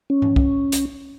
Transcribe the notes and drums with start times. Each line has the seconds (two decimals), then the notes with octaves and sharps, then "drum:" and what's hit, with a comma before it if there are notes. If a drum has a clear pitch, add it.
0.10 C#4
0.22 drum: tom G#2
0.36 drum: kick C2
0.72 drum: hi-hat